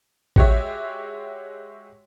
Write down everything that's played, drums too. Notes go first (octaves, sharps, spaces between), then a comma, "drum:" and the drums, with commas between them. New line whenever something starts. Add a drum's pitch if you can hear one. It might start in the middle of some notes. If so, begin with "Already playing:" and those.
G#3 F#4 G4 C#5 E5, drum: kick